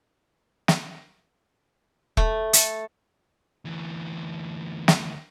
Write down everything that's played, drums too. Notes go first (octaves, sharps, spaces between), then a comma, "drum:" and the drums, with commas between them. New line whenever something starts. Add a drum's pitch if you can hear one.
drum: snare
A3, drum: kick E1
A4, drum: hi-hat
D2 E3
drum: snare